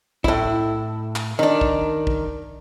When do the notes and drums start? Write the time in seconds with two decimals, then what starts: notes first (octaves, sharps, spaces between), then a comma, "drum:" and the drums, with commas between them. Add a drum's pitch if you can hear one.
0.24 A2 E4, drum: kick
1.16 drum: clap
1.39 D#3 D4
1.61 drum: kick
2.07 drum: kick